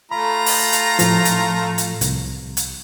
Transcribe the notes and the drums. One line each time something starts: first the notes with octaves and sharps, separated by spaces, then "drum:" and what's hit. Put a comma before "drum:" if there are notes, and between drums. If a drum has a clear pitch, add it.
A3 F4 A#5 B5
drum: open hi-hat
drum: hi-hat
A2 F3, drum: hi-hat
drum: hi-hat
drum: hi-hat
C2, drum: hi-hat
drum: hi-hat